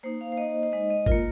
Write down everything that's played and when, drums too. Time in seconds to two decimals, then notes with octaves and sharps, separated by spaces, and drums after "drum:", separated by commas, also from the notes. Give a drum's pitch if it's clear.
0.03 A#3 D#4 C5
0.21 F5
0.32 C5
0.37 A#3 D#4 D#5
0.63 C5
0.72 G#3 D#4 D#5
0.90 D#5
1.06 A#3 F4 A#4, drum: kick